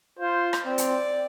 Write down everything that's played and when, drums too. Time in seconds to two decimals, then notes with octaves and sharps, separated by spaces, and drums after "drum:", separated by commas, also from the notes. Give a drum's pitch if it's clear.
0.19 F4 C5
0.53 drum: rim click
0.65 C4 D5
0.78 drum: hi-hat